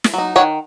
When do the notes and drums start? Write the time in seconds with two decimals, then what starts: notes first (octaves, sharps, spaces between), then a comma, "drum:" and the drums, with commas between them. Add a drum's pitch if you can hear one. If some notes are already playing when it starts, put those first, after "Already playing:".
0.04 drum: snare
0.13 F#3 D#4
0.36 D#3 C#5 F#5